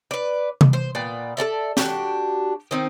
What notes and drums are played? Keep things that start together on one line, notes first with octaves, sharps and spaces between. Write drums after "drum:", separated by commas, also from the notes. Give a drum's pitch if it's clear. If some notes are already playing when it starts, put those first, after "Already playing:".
B4 D5
drum: tom C3
C5
A#2 B3 D5 G5
A4 A#4 D5 E5
D4 F#4 G4, drum: snare
D#3 C4 D#4